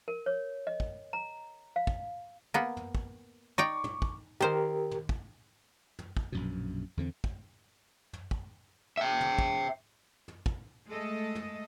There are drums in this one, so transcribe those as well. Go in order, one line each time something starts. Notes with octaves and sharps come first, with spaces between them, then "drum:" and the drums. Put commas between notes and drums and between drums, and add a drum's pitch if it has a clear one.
A#4
C#5
D#5
drum: kick
A#5
F5
drum: kick
A#3 B3
drum: tom
drum: kick
D#4 D5 G5 C#6 D6
drum: tom
drum: kick
D#3 G4 A#4 C5
drum: tom
drum: kick
drum: tom
drum: kick
A#1 F#2 B2
E2 D3 C4
drum: kick
drum: tom
drum: kick
E5 G5
drum: tom
drum: kick
drum: tom
drum: kick
G#3 A3 A4 D#5
drum: tom